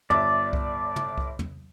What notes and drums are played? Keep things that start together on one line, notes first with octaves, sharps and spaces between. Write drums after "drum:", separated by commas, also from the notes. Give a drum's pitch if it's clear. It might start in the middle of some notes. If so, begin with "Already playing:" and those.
G1 D5 E5 D6, drum: tom
drum: kick C2
drum: tom
drum: kick C2
drum: tom